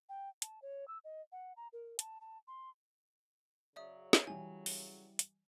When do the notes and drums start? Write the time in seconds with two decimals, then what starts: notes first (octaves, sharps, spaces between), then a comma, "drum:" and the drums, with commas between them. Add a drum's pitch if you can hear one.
0.09 G5
0.42 A5, drum: hi-hat
0.62 C#5
0.88 E6
1.04 D#5
1.32 F#5
1.56 A#5
1.73 A#4
1.99 A5, drum: hi-hat
2.21 A5
2.48 C6
3.76 C#3 F#3 D5 E5 D#6
4.13 drum: snare
4.27 E3 G3 G#5
4.66 drum: open hi-hat
5.19 drum: hi-hat